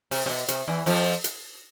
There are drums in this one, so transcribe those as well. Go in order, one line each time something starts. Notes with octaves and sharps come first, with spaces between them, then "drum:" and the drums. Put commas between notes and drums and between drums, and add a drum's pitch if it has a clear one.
C3, drum: open hi-hat
C3
B2
C3, drum: hi-hat
E2 E3
F2 F3, drum: open hi-hat
drum: hi-hat